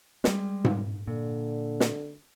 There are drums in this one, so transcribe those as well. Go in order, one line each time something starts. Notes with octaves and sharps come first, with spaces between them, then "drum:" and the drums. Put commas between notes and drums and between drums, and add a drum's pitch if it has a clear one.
G3 G#3, drum: snare
drum: tom G#2
A#2 D3
drum: snare